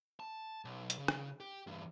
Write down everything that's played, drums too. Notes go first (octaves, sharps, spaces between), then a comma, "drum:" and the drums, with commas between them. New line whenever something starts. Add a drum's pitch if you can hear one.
A5
B1
drum: hi-hat
C#3
drum: rim click
G4
E2 G2